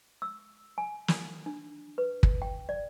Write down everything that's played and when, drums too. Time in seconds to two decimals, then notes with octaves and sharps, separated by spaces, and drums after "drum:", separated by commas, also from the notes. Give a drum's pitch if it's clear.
0.22 E6
0.78 G#5
1.08 drum: snare
1.46 D4
1.98 B4
2.23 drum: kick
2.42 G5
2.69 D5